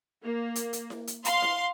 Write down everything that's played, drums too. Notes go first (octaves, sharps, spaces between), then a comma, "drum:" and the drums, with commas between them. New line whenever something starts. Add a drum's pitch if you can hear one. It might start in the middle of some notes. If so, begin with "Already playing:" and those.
A#3
drum: hi-hat
drum: hi-hat
drum: snare E4
drum: hi-hat
F5 C6, drum: hi-hat
drum: snare E4